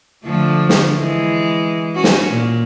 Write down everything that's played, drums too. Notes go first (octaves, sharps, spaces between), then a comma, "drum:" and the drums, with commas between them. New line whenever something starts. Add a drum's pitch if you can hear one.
D3 F3 A3
drum: snare
E3 G#3
C#4 F#4
drum: snare
A#2